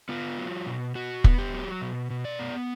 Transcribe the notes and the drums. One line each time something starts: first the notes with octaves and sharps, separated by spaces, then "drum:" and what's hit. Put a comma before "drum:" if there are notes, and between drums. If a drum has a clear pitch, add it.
B3 F4
F#3
B2
B2 F#4
B3, drum: kick
G4
F#3
B2
B2
D5
B3